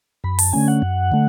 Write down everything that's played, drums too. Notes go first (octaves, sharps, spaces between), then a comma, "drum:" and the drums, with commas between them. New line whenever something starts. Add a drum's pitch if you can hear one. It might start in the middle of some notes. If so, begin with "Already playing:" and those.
F#2 B5
A5, drum: open hi-hat
D3 A3 C#4 G#5
F#5
F#2
D3 A3